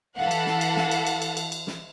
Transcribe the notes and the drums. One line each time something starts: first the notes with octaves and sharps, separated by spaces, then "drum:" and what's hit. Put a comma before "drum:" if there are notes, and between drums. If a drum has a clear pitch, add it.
E3 A4 F5 F#5
drum: cymbal
drum: snare
drum: cymbal
drum: snare
drum: cymbal
drum: cymbal
drum: cymbal
drum: cymbal
drum: cymbal
drum: snare